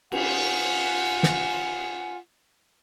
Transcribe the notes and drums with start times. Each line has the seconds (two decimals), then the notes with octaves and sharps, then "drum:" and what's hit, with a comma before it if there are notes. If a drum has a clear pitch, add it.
0.12 F4 F#5 G#5, drum: cymbal
1.23 drum: snare